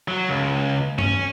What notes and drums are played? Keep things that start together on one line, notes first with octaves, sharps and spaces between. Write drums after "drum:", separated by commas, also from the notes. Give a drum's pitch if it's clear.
F#3
C#2
C#4, drum: tom G2